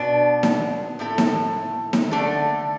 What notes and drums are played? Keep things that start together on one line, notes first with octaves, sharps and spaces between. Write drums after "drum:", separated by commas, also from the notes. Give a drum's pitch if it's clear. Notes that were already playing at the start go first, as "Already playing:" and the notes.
Already playing: B2 B3 D4
drum: snare D#4
A2 A3 E4 A4
drum: snare D#4
drum: snare D#4
D3 A3 D4 A4